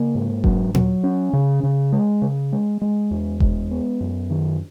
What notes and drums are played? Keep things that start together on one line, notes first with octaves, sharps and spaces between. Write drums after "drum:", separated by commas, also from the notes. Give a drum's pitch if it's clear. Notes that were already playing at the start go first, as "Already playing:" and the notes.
Already playing: C#3 A#3
G#2
F#3, drum: kick F1
F#3, drum: tom A#2
C#4
C#3
C#3
G#3
C#3
G#3
G#3
E2
G#3, drum: kick F1
B3
F#2
D#3